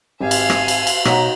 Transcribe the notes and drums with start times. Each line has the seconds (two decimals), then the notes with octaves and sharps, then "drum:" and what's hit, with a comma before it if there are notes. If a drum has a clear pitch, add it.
0.21 G#1 G4 E5 F5 G#5
0.31 drum: cymbal
0.50 drum: rim click
0.68 drum: cymbal
0.87 drum: cymbal
1.05 B2 D#4 F#4 C#5 F#5 A#5 B6, drum: rim click